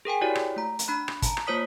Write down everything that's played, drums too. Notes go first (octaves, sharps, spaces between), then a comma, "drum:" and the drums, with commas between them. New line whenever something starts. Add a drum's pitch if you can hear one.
G#4 A#4 G5 G#5
E4 F#4 G4 C#5 D5
drum: rim click
A3 A#5
drum: hi-hat
D4 B5 F#6
drum: rim click
A5 A#5, drum: kick, hi-hat
drum: rim click
A#3 F4 C5 C#5 D#6 B6